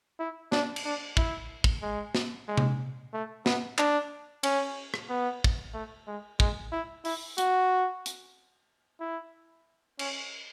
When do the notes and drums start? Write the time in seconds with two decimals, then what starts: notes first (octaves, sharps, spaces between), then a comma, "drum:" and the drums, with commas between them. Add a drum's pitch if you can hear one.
0.19 E4
0.52 D4, drum: snare
0.76 drum: cymbal
0.85 D4
1.17 E4, drum: kick
1.64 drum: kick
1.82 G#3
2.15 drum: snare
2.48 G#3
2.57 drum: tom C3
3.14 A3
3.46 B3, drum: snare
3.78 D4, drum: clap
4.43 C#4, drum: cymbal
4.94 drum: rim click
5.09 B3
5.44 drum: kick
5.74 A3
6.07 G#3
6.40 G#3, drum: kick
6.72 E4
7.05 E4, drum: open hi-hat
7.38 F#4, drum: hi-hat
8.06 drum: hi-hat
9.00 E4
9.99 C#4, drum: cymbal